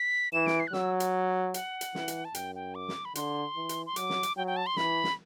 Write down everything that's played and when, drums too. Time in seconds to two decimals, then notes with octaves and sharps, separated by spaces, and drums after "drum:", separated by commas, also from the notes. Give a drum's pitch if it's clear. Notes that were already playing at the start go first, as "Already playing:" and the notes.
Already playing: B6
0.33 E3 E7
0.46 D7, drum: snare
0.60 C7
0.67 F#6
0.73 F#3 E6, drum: snare
1.00 drum: hi-hat
1.54 F#5, drum: hi-hat
1.81 drum: hi-hat
1.95 E3, drum: snare
2.08 drum: hi-hat
2.25 A5
2.35 F#2 G5, drum: hi-hat
2.55 G5
2.75 D6
2.89 drum: snare
3.05 B5
3.15 D3 C6, drum: hi-hat
3.56 E3
3.69 drum: hi-hat
3.86 C6
3.96 F#3 D6, drum: hi-hat
4.10 drum: snare
4.23 drum: hi-hat
4.36 F#3 G5
4.47 G5
4.57 A5
4.66 C6
4.76 E3 B5, drum: snare
5.04 drum: snare